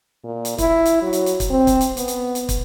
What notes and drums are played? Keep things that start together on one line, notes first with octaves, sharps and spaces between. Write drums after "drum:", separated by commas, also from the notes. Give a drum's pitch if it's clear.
A#2
drum: hi-hat
E4, drum: kick, hi-hat
drum: hi-hat
F#3
drum: hi-hat
drum: hi-hat
drum: kick, hi-hat
C4
drum: kick, hi-hat
drum: hi-hat
B3, drum: hi-hat
drum: hi-hat
drum: hi-hat
drum: kick, hi-hat